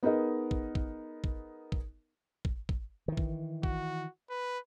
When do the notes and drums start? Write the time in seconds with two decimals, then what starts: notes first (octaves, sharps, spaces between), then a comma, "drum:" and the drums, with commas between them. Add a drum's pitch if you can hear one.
0.03 B3 D#4 G#4 A#4 D#5
0.51 drum: kick
0.75 drum: kick
1.24 drum: kick
1.72 drum: kick
2.45 drum: kick
2.69 drum: kick
3.08 D#3 E3
3.17 drum: kick
3.63 F#4, drum: kick
4.30 B4